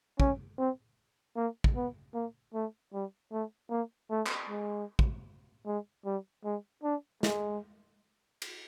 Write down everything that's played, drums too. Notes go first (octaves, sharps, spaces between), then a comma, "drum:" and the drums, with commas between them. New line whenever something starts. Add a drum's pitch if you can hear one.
C#4, drum: kick
C4
A#3
drum: kick
B3
A#3
A3
G3
A3
A#3
A3
drum: clap
G#3
drum: kick
G#3
G3
G#3
D4
G#3, drum: snare
drum: cymbal